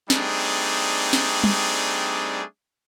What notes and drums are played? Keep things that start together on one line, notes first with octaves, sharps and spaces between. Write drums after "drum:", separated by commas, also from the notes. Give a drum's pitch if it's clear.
G3 A3 C4 D4 D#4 G#4, drum: snare
drum: snare
drum: tom